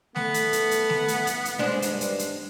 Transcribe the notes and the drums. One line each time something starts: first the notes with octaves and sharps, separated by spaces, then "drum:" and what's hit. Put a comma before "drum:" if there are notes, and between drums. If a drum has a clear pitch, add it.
A3 B3, drum: snare A3
drum: hi-hat
drum: hi-hat
drum: hi-hat
drum: snare A3
drum: hi-hat
drum: hi-hat
drum: hi-hat
G2 G#3 D4 C5
drum: hi-hat
drum: hi-hat
drum: hi-hat